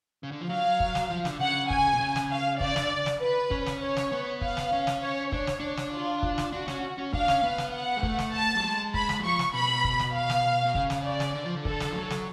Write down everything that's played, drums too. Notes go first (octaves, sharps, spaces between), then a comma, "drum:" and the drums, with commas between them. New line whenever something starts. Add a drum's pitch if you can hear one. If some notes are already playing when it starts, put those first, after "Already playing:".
C#3
D3
F3
F#3 F5
drum: kick
drum: snare
F3
D3, drum: snare
C#3 F#5
G#5, drum: kick
B2
C#3
drum: snare
F5
C#3 D5, drum: kick
D3, drum: snare
drum: snare
B4
C#4, drum: kick
drum: snare
C#5
drum: snare
B3
F5, drum: kick
drum: snare
C#4
drum: snare
C#5
D4 C#5, drum: kick
drum: snare
D4
drum: snare
F4
drum: kick
drum: snare
D4 F#4
C#4, drum: snare
C#4
D4 F5, drum: kick
C#4, drum: snare
B3
drum: snare
F#5
G#3
A3, drum: kick
drum: snare
A5
F#3
G#3
B5, drum: kick
drum: snare
F#3
F3 C#6
drum: snare
B2 B5
drum: kick
drum: snare
F5
drum: snare
B2
C#3, drum: kick
drum: snare
D5
drum: snare
D3
F3
D3
A4, drum: kick
drum: snare
F3
F#3
drum: snare